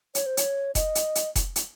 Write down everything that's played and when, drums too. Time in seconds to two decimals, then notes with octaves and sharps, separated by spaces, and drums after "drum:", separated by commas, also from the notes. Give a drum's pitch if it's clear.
0.15 C#5, drum: hi-hat
0.26 C5
0.37 C#5, drum: hi-hat
0.75 D#5, drum: kick F1, hi-hat
0.95 drum: hi-hat
1.15 drum: hi-hat
1.35 drum: kick F1, hi-hat
1.56 drum: hi-hat